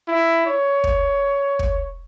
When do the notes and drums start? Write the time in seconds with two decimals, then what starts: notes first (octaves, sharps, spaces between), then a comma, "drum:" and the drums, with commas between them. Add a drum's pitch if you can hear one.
0.08 E4
0.46 C#5
0.84 drum: kick
1.59 drum: kick